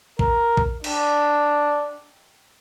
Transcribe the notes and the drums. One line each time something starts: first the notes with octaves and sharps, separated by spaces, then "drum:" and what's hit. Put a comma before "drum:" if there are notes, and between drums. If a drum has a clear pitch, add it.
A#4, drum: kick A#1
drum: kick A#1
D4, drum: cymbal